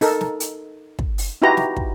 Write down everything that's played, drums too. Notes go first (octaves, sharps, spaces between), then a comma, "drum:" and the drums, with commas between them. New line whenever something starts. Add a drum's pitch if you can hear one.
D#4 A4 A#4, drum: open hi-hat
drum: snare
drum: hi-hat
drum: kick
drum: open hi-hat
D#4 E4 F#4 G4 B4 A#5
drum: snare
drum: kick